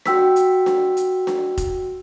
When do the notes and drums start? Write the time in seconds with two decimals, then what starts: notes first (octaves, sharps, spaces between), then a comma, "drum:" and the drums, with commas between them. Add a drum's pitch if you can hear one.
0.06 F#4 G5 E6 B6, drum: snare D4
0.36 drum: hi-hat
0.66 drum: snare D4
0.97 drum: hi-hat
1.27 drum: snare D4
1.58 drum: kick F1, hi-hat